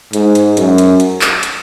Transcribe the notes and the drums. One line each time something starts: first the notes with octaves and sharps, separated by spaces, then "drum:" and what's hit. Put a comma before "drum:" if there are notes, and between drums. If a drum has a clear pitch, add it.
G#2, drum: hi-hat
drum: hi-hat
F#2, drum: hi-hat
drum: hi-hat
drum: hi-hat
drum: clap
drum: hi-hat